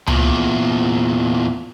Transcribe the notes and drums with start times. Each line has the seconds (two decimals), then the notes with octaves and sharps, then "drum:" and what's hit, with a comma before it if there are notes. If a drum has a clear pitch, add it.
0.07 E2 A#2, drum: tom C#2